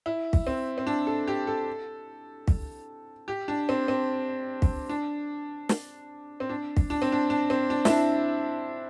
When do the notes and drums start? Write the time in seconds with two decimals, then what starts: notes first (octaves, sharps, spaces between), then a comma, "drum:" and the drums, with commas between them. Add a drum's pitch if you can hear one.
0.06 E4
0.33 drum: kick
0.47 C4
0.78 C4
0.87 D4
1.07 A4
1.27 G4
1.47 A4
2.48 drum: kick
3.28 G4
3.48 D4
3.69 C4
3.88 C4
4.62 drum: kick
4.89 D4
5.69 drum: snare
6.40 C4
6.49 D4
6.77 drum: kick
6.90 D4
7.02 C4
7.12 D4
7.30 D4
7.50 C4
7.70 D4
7.85 E4, drum: snare
7.90 D4